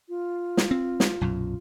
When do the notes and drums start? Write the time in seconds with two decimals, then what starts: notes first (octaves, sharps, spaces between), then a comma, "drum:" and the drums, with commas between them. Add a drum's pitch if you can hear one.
0.09 F4
0.57 drum: snare
0.71 C4
1.00 drum: snare
1.21 B1 F#2 A#2